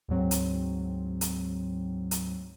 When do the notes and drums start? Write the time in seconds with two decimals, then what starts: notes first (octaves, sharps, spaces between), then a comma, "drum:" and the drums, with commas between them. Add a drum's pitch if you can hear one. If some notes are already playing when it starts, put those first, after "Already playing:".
0.08 D2 G#2 F#3 C4
0.31 drum: hi-hat
1.21 drum: hi-hat
2.11 drum: hi-hat